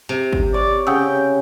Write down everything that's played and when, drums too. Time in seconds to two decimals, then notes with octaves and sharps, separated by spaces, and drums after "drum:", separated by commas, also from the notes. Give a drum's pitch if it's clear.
0.09 C3
0.33 drum: kick G#1
0.54 C#5 D5
0.87 C#3 F#5 G5 D#6 E6